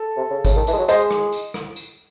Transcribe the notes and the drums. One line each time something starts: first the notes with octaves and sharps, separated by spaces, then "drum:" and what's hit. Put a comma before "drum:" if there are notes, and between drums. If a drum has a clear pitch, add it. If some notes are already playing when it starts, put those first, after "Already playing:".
Already playing: A4
C3
C#3
C#3, drum: kick G#1, tambourine
D#3
E3, drum: tambourine
G#3
F#3
G#3 C5 D#5, drum: tambourine
drum: rim click
drum: tambourine
drum: rim click
drum: tambourine